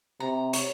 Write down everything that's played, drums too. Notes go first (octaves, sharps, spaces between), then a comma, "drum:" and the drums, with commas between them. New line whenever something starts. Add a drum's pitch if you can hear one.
C3 A#5
C#5, drum: hi-hat